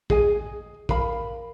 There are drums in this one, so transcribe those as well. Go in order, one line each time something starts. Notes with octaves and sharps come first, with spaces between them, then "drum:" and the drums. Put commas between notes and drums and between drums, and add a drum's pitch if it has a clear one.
G#4 D#5 G#5, drum: kick
A#4 F5 B5, drum: kick